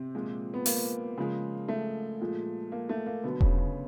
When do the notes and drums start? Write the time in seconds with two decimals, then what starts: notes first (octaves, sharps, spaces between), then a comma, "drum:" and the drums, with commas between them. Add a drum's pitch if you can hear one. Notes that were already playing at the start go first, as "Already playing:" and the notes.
Already playing: C3 C4
0.15 A#2 F3 G#3
0.54 B3
0.66 A#3, drum: open hi-hat
1.18 C#3 F3 G#3
1.68 A3
2.21 A#2 F3 G#3
2.72 A#3
2.89 A3
3.06 A#3
3.23 B2 D3 F#3 B3
3.41 C#3 C#4, drum: kick E1
3.58 C#3 C#4